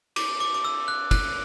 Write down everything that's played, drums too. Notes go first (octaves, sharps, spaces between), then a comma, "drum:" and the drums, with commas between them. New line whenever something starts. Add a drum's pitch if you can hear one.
D6, drum: cymbal
D6
D6
E6
F#6
F#6, drum: kick, cymbal